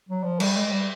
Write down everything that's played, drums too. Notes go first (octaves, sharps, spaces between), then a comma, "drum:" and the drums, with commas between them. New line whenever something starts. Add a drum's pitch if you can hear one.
F#3
F3
G3, drum: cymbal
G#3
G3